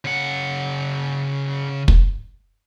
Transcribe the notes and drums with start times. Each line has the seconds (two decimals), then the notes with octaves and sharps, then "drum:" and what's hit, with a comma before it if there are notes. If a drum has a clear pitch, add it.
0.05 C#3 F#5
1.88 drum: kick